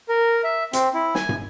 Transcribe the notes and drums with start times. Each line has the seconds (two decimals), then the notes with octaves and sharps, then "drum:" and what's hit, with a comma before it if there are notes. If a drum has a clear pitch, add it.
0.09 A#4
0.44 E5
0.73 C4, drum: hi-hat
0.94 E4
1.15 G#5, drum: snare
1.29 drum: tom